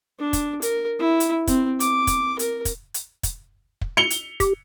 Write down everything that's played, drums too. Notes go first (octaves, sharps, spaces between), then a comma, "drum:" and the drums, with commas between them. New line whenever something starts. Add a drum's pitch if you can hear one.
D4
drum: kick, hi-hat
A#4, drum: hi-hat
E4
drum: hi-hat
C4, drum: kick, hi-hat
D6, drum: hi-hat
drum: kick, hi-hat
A#4, drum: hi-hat
drum: kick, hi-hat
drum: hi-hat
drum: kick, hi-hat
drum: kick
C#7 F7 G7
drum: hi-hat
G4, drum: kick, hi-hat